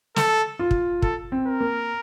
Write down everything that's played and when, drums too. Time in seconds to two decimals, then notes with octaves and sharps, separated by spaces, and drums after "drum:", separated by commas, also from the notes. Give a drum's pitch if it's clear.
0.16 A4, drum: snare
0.59 F4
0.71 drum: kick
1.02 A4, drum: kick
1.32 C4
1.47 A#4
1.60 A#3